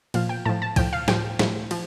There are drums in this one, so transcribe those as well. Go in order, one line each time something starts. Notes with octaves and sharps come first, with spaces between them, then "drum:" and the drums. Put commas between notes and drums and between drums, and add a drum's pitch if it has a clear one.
A#2 F3 F5, drum: cymbal
G5
A2 F3 A5
A5
A2 F3 G5, drum: kick, cymbal
F5
A2 F3 G5, drum: snare
A2 F3, drum: snare
F3, drum: cymbal